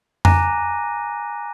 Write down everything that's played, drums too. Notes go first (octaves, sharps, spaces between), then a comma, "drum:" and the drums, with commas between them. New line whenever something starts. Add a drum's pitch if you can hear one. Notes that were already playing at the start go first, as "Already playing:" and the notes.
G#5 A#5 D6 F#6 A#6 D#7, drum: tom F2